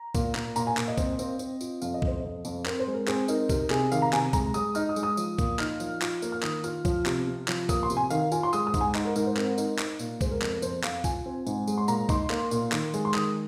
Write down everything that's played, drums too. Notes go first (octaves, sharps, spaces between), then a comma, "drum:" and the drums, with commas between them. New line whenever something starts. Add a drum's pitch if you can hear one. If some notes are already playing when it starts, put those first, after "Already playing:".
Already playing: A#5
A#2, drum: kick B1, tambourine
A#2, drum: clap
A#2 A#5, drum: tambourine
G#5
A#2, drum: clap
D#5
C4, drum: kick B1, tambourine
C4, drum: tambourine
C4, drum: tambourine
F4, drum: tambourine
F2 F5, drum: tambourine
D#5
F2, drum: kick B1
C5
F2 D#5
F2, drum: tambourine
C4 A#4, drum: clap
C5
G#3
A#4
C4 G#4, drum: clap
D#4 A#4, drum: tambourine
C3 A#4, drum: kick B1, tambourine
C3 G#4, drum: clap
D#3 F5, drum: tambourine
A#5
C3 G#5, drum: clap
G#3 A#5, drum: kick B1, tambourine
G#3 D#6, drum: tambourine
D#4 F6, drum: tambourine
D#6
G#3, drum: tambourine
D#6
F3, drum: tambourine
A#2, drum: kick B1, tambourine
D#4 F6, drum: clap
F3, drum: tambourine
F4, drum: clap
A#3, drum: tambourine
F6
D#3 D#6, drum: clap
F4 F6, drum: tambourine
F3, drum: kick B1, tambourine
C3, drum: clap
C3
F3, drum: clap
A#3 D#6, drum: kick B1, tambourine
C6
C3, drum: tambourine
G#5
D#3 F5, drum: tambourine
F4 G#5, drum: tambourine
C6
G#3 D#6, drum: tambourine
D#6
G#2, drum: kick B1, tambourine
G#5
D#4, drum: clap
A#4
G#2 A#4, drum: tambourine
C5
C4 A#4, drum: clap
D#4 A#4, drum: tambourine
D#4, drum: clap
A#2, drum: tambourine
G#3 C5, drum: kick B1, tambourine
A#4
F2 A#4, drum: clap
A#4
F2 C5, drum: tambourine
F2 F5, drum: clap
F4 G#5, drum: kick B1, tambourine
C4
G#2, drum: tambourine
G#3, drum: tambourine
C6
A#2 A#5, drum: tambourine
D#4 C6, drum: kick B1, tambourine
A#3, drum: clap
A#2, drum: tambourine
D#3, drum: clap
G#3, drum: tambourine
C6
D#3 D#6, drum: clap